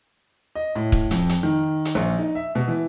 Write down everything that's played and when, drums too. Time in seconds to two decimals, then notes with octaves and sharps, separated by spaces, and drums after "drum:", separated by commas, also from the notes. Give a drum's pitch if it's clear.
0.55 D#5
0.76 A2
0.92 drum: kick C#1
1.11 F2, drum: hi-hat
1.30 drum: hi-hat
1.43 D#3
1.85 drum: hi-hat
1.95 A#1
2.18 D#4
2.35 E5
2.55 B2
2.68 E3